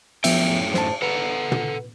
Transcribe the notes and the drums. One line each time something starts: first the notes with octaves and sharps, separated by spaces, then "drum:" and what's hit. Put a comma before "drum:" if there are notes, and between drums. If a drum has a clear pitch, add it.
F#2 A2 F3 B3 E5 G5, drum: cymbal
C5 A5, drum: snare
A4 B4 F#5 A#5
drum: tom